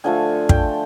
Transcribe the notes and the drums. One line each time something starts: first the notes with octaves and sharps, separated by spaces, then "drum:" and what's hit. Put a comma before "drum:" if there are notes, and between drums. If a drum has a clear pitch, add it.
D3 F3 A3 G#5
G5, drum: kick